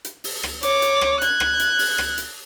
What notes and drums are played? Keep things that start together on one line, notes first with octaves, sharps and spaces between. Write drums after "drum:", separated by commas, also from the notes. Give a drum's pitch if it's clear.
drum: hi-hat
drum: open hi-hat
drum: rim click
C#5 D6, drum: hi-hat
drum: hi-hat
drum: rim click
F#6 G#6, drum: hi-hat
drum: rim click
drum: hi-hat
drum: open hi-hat
drum: rim click
drum: hi-hat